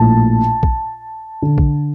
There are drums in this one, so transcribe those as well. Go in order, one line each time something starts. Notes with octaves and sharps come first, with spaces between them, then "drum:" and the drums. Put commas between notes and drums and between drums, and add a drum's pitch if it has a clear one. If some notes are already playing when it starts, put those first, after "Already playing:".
Already playing: A#1 A2 A5
drum: kick A#1
D3
drum: kick A#1